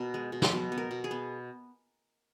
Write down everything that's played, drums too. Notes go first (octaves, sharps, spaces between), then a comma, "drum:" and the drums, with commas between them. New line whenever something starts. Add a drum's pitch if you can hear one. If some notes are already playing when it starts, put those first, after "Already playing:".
Already playing: B2 A#4
G#3
B2
drum: snare
B2
B3
A#4
B2
G#4
B3